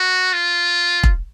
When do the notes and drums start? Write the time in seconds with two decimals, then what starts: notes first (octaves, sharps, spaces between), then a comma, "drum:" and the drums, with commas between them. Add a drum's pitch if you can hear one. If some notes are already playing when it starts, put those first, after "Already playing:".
Already playing: F#4
0.33 F4
1.03 drum: kick E1